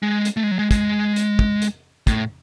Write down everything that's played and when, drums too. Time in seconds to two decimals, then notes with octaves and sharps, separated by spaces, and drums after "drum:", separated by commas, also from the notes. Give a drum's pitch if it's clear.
0.03 G#3
0.25 drum: hi-hat
0.37 A3
0.43 G#3
0.51 F#3
0.59 G#3
0.71 G#3, drum: kick, hi-hat
1.16 drum: hi-hat
1.39 drum: kick
1.62 drum: hi-hat
2.07 A2, drum: kick, hi-hat